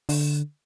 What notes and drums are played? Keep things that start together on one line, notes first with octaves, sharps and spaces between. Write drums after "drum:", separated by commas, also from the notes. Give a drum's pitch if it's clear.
D3, drum: open hi-hat